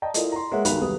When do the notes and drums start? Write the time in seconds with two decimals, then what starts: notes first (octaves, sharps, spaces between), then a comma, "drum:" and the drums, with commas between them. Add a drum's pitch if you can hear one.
0.02 D5 D#5 G5 A5 A#5
0.14 E4 F4 A4 A#4 D5 D#5, drum: hi-hat
0.32 A#5 C6
0.52 G#3 A#3 B4 C#5 E5 F#5
0.65 B1 G2 D#3 B5 F#6 F7, drum: hi-hat
0.81 D#1 C2 B3 D#6